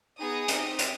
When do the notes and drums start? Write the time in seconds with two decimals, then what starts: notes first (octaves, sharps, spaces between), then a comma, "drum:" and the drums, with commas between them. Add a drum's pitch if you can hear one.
0.18 B3 D#4 G#4 D#6
0.48 C4 D#4 G4, drum: hi-hat
0.79 drum: hi-hat